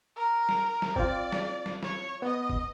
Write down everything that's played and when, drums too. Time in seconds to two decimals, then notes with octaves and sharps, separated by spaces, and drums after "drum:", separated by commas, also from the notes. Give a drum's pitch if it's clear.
0.17 A#4
0.49 drum: snare
0.82 drum: snare
0.96 C4 F4 D5, drum: kick
1.32 drum: snare
1.66 drum: snare
1.83 C#5, drum: snare
2.22 B3 D#5
2.50 drum: kick